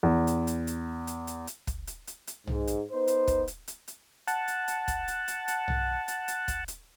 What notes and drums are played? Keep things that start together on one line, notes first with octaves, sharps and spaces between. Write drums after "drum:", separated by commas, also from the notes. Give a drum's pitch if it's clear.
E2
drum: hi-hat
drum: hi-hat
drum: hi-hat
drum: hi-hat
drum: hi-hat
drum: hi-hat
drum: kick, hi-hat
drum: hi-hat
drum: hi-hat
drum: hi-hat
G#2, drum: tom B1
drum: hi-hat
B3 D#4 C5
drum: hi-hat
drum: kick, hi-hat
drum: hi-hat
drum: hi-hat
drum: hi-hat
F#5 A5, drum: hi-hat
drum: hi-hat
drum: hi-hat
drum: kick, hi-hat
drum: hi-hat
drum: hi-hat
drum: hi-hat
drum: tom B1
drum: hi-hat
drum: hi-hat
drum: kick, hi-hat
drum: hi-hat